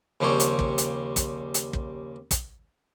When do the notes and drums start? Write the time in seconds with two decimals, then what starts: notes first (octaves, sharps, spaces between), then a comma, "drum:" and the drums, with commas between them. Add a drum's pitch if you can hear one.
0.20 D#2 C#3 F3 G3 C4 C#5
0.40 drum: hi-hat
0.59 drum: kick
0.78 drum: hi-hat
1.16 drum: kick, hi-hat
1.54 drum: hi-hat
1.73 drum: kick
2.31 drum: kick, hi-hat